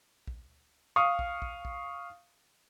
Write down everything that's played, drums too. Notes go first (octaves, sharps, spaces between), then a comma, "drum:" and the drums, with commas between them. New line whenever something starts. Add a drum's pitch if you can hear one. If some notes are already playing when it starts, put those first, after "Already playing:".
drum: kick
F5 C#6 D#6
drum: kick
drum: kick
drum: kick